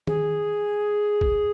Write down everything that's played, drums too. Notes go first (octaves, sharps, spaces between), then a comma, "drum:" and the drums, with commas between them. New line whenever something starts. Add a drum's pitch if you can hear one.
G#4, drum: tom D#3
drum: kick